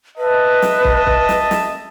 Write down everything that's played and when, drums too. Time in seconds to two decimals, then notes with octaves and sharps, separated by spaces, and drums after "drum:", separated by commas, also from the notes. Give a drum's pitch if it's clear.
0.18 B4 D#5 E5 A5
0.62 drum: snare
0.84 drum: kick
1.07 drum: kick
1.29 drum: snare
1.51 drum: snare